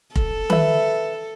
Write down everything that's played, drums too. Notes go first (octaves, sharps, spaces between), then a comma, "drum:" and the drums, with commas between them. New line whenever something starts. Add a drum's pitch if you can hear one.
A4, drum: kick F1
B4 E5, drum: tom D#3